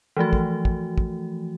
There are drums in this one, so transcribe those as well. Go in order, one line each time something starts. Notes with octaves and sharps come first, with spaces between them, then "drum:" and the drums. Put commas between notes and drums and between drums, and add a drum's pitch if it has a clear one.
E3 F3 A3 F#4
drum: kick
drum: kick
drum: kick